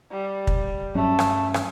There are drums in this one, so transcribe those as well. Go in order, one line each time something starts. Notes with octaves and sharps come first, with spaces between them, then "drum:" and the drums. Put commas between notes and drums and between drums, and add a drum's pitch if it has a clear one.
G3
drum: kick
G2 F#3 A3 C#4
drum: rim click
drum: rim click